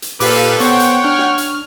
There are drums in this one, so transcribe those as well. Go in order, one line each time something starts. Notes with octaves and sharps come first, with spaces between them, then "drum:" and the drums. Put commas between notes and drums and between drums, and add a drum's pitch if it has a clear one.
drum: hi-hat
A#2 G4 A4 B4 F5 D6, drum: open hi-hat
B3 C5 C#5 F#5 G5, drum: hi-hat
drum: hi-hat
D4 F6
drum: snare
drum: hi-hat